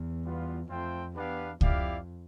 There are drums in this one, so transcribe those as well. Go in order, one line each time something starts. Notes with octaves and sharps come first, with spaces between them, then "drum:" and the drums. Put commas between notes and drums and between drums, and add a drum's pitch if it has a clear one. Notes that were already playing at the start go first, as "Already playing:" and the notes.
Already playing: E2
G3 B3 F4 B4
F2 A3 C4 F4 C5 G5
E2 B3 D4 G4 B4 F5
F2 E4 G4 D5 F5, drum: kick C#2